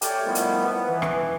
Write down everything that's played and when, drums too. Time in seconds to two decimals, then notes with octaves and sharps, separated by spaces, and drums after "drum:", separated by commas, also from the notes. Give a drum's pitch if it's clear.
0.02 A3 G4 C#5 D5 G5 F6, drum: hi-hat
0.25 D#3 F3 G3 A3 B3 E4
0.35 drum: hi-hat
0.64 B3
0.88 E3
1.02 drum: rim click